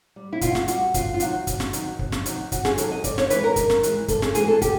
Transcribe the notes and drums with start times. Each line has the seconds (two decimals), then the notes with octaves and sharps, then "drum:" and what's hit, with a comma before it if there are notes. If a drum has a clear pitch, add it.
0.16 G3
0.33 E4
0.41 B2 F4, drum: kick, hi-hat
0.55 drum: snare
0.68 G3 F#4, drum: hi-hat
0.94 F2 F4, drum: kick, hi-hat
1.14 F4
1.20 C3 D#3 F#3 F#4, drum: hi-hat
1.47 F2, drum: kick, hi-hat
1.60 drum: snare
1.73 C3 D#3 F#3, drum: hi-hat
1.99 F2, drum: kick
2.12 drum: snare
2.26 C3 D#3 F#3, drum: hi-hat
2.52 F2 F#4, drum: kick, hi-hat
2.65 G#4, drum: snare
2.78 C3 D#3 F#3 A4, drum: hi-hat
2.92 D#5
3.04 G2 D5, drum: kick, hi-hat
3.18 C#5, drum: snare
3.30 E3 G#3 B4, drum: hi-hat
3.44 A#4
3.56 G2, drum: kick, hi-hat
3.70 drum: snare
3.83 E3 G#3, drum: hi-hat
4.08 G2 A4, drum: kick, hi-hat
4.22 G#4, drum: snare
4.35 E3 G#3 G#4, drum: hi-hat
4.48 A4
4.62 G4, drum: kick, hi-hat